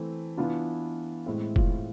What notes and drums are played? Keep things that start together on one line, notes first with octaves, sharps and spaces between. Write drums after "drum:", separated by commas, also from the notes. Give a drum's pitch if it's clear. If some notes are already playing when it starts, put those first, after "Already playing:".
Already playing: E3 A3 C4
E3 B3 D4 F4
A2 G#3 C4 E4
F4, drum: kick F1